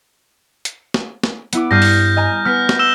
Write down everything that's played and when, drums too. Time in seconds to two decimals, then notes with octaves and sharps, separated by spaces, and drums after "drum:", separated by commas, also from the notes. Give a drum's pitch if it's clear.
0.65 drum: hi-hat
0.94 drum: snare
1.24 drum: snare
1.53 B3 E4 D6, drum: hi-hat
1.71 G2 D#6 F6 G6 A#6 C7
1.82 drum: open hi-hat
2.16 D#5 G#5 A#5
2.45 B3 B4 F6 B6
2.69 drum: snare
2.79 E6 E7 G7